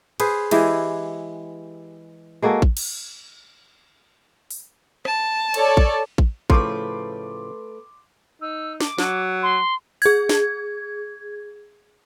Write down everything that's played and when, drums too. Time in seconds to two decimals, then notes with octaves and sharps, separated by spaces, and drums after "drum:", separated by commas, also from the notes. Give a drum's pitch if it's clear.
0.20 G#4 B4 C5, drum: cymbal
0.51 E3 G#3 E4 G4, drum: cymbal
2.42 G#3 A#3 F#4 A4
2.62 drum: kick A1
2.77 drum: cymbal
4.51 drum: open hi-hat
5.05 A5, drum: rim click
5.54 A4 C#5 D5, drum: cymbal
5.77 drum: kick A1
6.18 drum: kick A1
6.50 A2 C#3 F3 A3 B4 C6 D6, drum: kick A1
8.42 D#4 E6
8.80 D6, drum: snare
8.98 F#3, drum: snare
9.43 C6
10.02 G#4 G#6, drum: open hi-hat
10.29 drum: snare